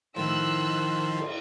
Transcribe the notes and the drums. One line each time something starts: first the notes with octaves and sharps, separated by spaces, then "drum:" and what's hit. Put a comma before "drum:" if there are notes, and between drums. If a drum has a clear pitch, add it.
A2 D#3 F3 C6 E6 F#6
drum: cymbal